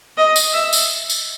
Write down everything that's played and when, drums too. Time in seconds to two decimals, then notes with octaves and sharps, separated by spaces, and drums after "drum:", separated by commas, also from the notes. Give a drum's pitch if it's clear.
0.17 D#5
0.36 drum: tambourine
0.54 E5
0.73 drum: tambourine
1.10 drum: tambourine